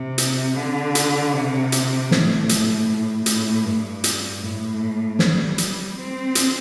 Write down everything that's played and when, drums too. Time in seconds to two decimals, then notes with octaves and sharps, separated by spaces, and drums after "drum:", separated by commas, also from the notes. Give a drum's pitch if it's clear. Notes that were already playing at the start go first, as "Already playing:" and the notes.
Already playing: C3
0.18 drum: hi-hat
0.56 D3
0.95 drum: hi-hat
1.34 C3
1.72 drum: hi-hat
2.11 A2, drum: snare
2.49 drum: hi-hat
2.88 A2
3.26 A2, drum: hi-hat
3.65 G2
4.04 drum: hi-hat
4.43 A2
5.19 G3, drum: snare
5.58 drum: hi-hat
5.97 C4
6.35 drum: hi-hat